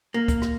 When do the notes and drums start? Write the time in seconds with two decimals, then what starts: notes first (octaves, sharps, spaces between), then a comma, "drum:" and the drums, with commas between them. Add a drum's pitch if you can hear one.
0.14 A#3
0.28 drum: kick, hi-hat
0.42 drum: rim click